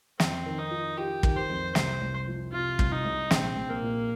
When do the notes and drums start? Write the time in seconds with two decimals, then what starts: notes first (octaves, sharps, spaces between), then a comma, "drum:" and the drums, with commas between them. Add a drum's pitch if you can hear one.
0.20 F2 C4, drum: snare
0.46 D#3
0.59 D#4
0.71 F4
0.98 F4 G4
1.23 D#3, drum: kick
1.37 C5
1.49 F2
1.75 C2 C5, drum: snare
2.01 C2
2.27 F3
2.52 C3 F4
2.79 C2, drum: kick
2.92 D#4
3.05 C2
3.31 A#1 C4, drum: snare
3.56 A#1
3.69 A#3
3.82 A#2